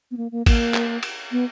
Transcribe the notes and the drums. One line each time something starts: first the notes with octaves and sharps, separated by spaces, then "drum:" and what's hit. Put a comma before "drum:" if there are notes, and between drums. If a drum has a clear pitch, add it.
B3
A#3
A#3
A#3, drum: kick A1, cymbal
drum: clap
drum: cymbal
B3